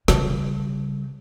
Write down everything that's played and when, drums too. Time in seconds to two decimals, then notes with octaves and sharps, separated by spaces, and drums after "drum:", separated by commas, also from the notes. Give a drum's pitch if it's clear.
0.08 C#3 G3, drum: snare